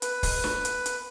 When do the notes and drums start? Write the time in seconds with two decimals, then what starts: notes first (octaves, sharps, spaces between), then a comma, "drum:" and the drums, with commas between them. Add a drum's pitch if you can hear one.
0.02 B4, drum: hi-hat
0.23 drum: kick, open hi-hat
0.44 drum: snare
0.65 drum: hi-hat
0.86 drum: hi-hat